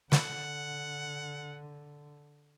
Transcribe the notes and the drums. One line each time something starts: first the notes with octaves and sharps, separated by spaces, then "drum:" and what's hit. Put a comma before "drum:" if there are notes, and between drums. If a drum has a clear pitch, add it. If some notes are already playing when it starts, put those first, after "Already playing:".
D3 F#5, drum: snare